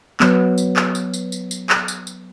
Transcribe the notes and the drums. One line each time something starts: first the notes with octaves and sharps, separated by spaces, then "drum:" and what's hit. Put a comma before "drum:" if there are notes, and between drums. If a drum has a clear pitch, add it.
F#3 B3, drum: clap
drum: tambourine
drum: clap
drum: tambourine
drum: tambourine
drum: tambourine
drum: tambourine
drum: clap
drum: tambourine
drum: tambourine